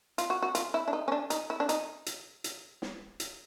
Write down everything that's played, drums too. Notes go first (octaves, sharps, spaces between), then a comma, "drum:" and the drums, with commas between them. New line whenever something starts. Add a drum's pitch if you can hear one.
F4, drum: hi-hat
F#4
F#4
F4, drum: hi-hat
E4
D4
D#4
C#4
D4
D#4, drum: hi-hat
E4
D4
D#4, drum: hi-hat
drum: hi-hat
drum: hi-hat
drum: snare
drum: hi-hat